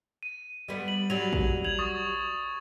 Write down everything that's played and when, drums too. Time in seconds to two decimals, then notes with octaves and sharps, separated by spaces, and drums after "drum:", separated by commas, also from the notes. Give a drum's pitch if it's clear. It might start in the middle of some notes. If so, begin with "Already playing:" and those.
0.23 D#7
0.68 G3 B3
0.88 F#7
1.10 F#3 G3 F7
1.33 drum: kick
1.64 G#6 F7 F#7
1.79 C#6 D#6 A6